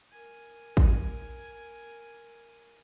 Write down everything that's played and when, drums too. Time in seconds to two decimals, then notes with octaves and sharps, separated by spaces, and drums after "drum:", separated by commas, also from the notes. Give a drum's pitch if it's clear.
0.13 A#4 G#5
0.77 drum: kick